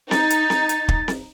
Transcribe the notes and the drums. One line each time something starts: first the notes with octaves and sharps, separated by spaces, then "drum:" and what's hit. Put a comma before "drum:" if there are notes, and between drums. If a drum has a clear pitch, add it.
D#4 A6, drum: snare C4
drum: hi-hat
drum: snare C4
drum: hi-hat
drum: kick
drum: snare C4